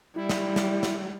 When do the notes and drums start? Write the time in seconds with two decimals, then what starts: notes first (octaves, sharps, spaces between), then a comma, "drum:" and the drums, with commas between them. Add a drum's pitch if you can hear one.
0.16 G3 E4
0.29 drum: snare
0.56 drum: snare
0.83 drum: snare